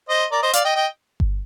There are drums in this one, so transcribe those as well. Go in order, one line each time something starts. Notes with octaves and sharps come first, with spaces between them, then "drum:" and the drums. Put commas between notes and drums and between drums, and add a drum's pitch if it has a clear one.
C5 D#5
A#4 D5
C5 D#5
D5 F5, drum: hi-hat
D#5 G5
D#5 G5
drum: kick G1